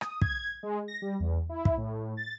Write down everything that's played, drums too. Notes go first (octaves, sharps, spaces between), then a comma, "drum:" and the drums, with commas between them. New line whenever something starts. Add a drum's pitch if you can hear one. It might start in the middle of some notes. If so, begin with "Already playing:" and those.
D#6, drum: rim click
G#6, drum: kick
G#3
A#6
G3
E2
E4
drum: kick
A2
A6